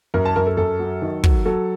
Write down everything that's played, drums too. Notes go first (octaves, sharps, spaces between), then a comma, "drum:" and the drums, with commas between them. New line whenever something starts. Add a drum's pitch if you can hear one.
F#2 A#4
A5
F#2 A#4
A4
F#2 A4
F#3
D#3
F#3, drum: kick
F#3 A4